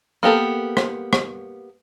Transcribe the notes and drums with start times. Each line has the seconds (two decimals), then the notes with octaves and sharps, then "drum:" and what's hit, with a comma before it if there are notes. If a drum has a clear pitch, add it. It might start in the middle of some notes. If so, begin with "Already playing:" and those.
0.23 A#3 B3 G4 A4
0.77 drum: rim click
1.13 drum: rim click